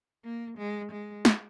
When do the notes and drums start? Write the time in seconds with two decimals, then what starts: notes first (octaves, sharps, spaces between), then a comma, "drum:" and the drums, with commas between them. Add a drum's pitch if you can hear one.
0.24 A#3
0.58 G#3
0.92 G#3
1.25 drum: snare